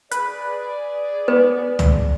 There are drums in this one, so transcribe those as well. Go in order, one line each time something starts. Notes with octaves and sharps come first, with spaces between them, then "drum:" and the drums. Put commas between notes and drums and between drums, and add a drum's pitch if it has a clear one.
G#4 B4 D5, drum: hi-hat
B3 B4
drum: tom